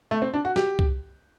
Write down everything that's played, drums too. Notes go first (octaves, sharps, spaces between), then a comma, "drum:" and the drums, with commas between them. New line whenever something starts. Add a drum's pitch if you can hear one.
A3
C4
D4
F#4
G4, drum: snare
drum: kick C2